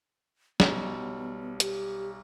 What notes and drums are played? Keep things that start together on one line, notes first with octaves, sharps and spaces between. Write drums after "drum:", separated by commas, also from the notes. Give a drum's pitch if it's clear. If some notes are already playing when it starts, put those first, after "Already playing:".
B1 F#3 G3 B3, drum: snare
G4, drum: hi-hat